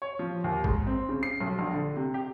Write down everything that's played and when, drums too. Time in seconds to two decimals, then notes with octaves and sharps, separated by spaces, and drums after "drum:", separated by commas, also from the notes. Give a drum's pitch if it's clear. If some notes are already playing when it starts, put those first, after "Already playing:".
0.02 C#5
0.19 F3
0.44 D#2
0.64 G#2, drum: kick A1
0.87 C4
1.09 C#3
1.23 C7
1.40 B1
1.59 A#1
1.73 D3
1.96 C3
2.14 G4